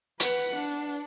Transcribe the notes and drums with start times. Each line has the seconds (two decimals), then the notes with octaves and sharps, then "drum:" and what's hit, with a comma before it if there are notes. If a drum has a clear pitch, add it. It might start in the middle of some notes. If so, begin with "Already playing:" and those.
0.20 B4 F#5, drum: hi-hat
0.55 D4